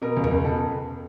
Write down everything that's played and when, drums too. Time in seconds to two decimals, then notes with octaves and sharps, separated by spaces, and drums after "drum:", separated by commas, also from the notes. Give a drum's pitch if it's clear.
0.02 B2 A#4
0.17 C#2
0.24 A#4, drum: tom E2
0.31 C#2
0.44 B2 A4